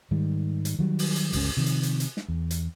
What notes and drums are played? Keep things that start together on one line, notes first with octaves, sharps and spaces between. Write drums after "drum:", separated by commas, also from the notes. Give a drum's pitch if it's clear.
G#2 D#3 G3
drum: hi-hat
D#3 F#3 G3
drum: open hi-hat
drum: hi-hat
G1 C#2 C#4, drum: open hi-hat
C3 D#3 F3
drum: hi-hat
drum: hi-hat
drum: hi-hat
drum: snare
E2
drum: hi-hat